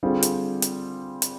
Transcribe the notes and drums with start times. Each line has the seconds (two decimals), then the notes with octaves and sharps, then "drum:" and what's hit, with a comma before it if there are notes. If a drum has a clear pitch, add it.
0.03 D3 G3 C4 F4 G#4
0.23 drum: hi-hat
0.62 drum: hi-hat
1.22 drum: hi-hat